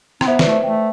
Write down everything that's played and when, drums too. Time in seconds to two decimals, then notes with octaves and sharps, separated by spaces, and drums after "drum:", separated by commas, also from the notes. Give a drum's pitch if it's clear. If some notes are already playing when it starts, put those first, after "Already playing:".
0.21 C4, drum: rim click
0.27 B3 C5 E5
0.39 B4 D5, drum: snare
0.46 A3
0.51 C5 E5
0.64 A3 E5 G5